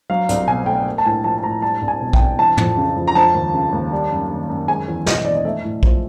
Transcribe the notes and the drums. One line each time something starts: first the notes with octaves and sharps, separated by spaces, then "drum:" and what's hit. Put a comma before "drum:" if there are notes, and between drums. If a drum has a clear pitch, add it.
F#3 F5
C2, drum: hi-hat
B2 G#5
A3 G5
A#3
A5
A2 G#5
F3 A5
A5
A2 A#5
G3 A5
C2
G#5
B2
G5, drum: kick
C2
E3 A5
F2, drum: tom
C#3
F2
A#5
F3 A5
D#2
C#3
D#2
G3
F#2
D#3
F#2
G#3 G#5
E2
B2 D#5, drum: snare
E2 D5
D#5
A3 E5
A2
F3, drum: kick